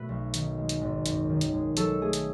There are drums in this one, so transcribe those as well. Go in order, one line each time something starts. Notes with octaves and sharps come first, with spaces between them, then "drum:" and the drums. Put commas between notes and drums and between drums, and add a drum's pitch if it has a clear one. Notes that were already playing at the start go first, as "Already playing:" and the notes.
Already playing: B2 A3 F#4 B4
B1
D#3, drum: hi-hat
G#3
drum: hi-hat
G#1
F#2, drum: hi-hat
D#3
drum: hi-hat
G#3
F#3 A4, drum: hi-hat
A3 G#4
drum: hi-hat